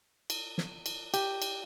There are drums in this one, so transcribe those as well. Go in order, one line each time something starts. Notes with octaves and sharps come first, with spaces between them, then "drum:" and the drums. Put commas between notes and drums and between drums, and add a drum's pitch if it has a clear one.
drum: cymbal
drum: snare
drum: cymbal
G4, drum: cymbal
drum: cymbal